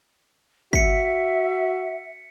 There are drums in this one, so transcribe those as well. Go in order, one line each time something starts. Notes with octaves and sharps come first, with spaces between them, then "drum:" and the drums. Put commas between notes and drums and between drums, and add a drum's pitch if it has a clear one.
F#4 E5 B6 C#7, drum: kick